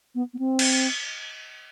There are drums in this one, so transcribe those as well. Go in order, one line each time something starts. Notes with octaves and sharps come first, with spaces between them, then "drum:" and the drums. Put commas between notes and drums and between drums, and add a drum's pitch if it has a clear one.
B3
B3
C4
drum: cymbal